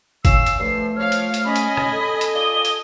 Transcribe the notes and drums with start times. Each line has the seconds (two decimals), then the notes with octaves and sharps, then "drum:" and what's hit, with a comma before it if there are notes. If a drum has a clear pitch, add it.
0.25 C#4 F5 E6 C7, drum: kick, hi-hat
0.46 drum: hi-hat
0.59 G2 F3 A3 C7
0.96 F3 C#5 F5 F6
1.12 drum: hi-hat
1.34 drum: hi-hat
1.45 C#4 D#5 G#5 B5
1.56 drum: hi-hat
1.77 drum: rim click
1.92 A4
2.21 drum: hi-hat
2.35 F4 D5 D#6 G7
2.65 drum: hi-hat